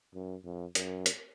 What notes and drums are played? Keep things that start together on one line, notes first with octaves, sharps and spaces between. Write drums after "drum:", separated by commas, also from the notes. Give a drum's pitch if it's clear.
F#2
F2
F#2, drum: hi-hat
drum: hi-hat